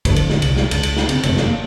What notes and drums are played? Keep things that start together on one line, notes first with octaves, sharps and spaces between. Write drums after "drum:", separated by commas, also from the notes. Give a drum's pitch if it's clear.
D1 D3 F3, drum: kick, cymbal
drum: cymbal
drum: snare
C2, drum: cymbal
drum: snare
C#2, drum: cymbal
drum: cymbal
drum: snare
C#3 C4, drum: cymbal
F1 F#2 D#3 A3, drum: cymbal
drum: snare
A#3